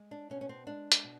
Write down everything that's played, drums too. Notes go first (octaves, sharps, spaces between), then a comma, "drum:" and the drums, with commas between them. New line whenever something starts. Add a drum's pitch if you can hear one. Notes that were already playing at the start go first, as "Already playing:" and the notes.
Already playing: G#3
D4
B2 C#4
C#4
C4
G#3 D4
drum: hi-hat
B2